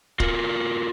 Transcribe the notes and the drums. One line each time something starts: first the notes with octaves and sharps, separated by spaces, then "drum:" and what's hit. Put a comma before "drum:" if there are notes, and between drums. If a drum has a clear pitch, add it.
F4 F#4 A#4, drum: kick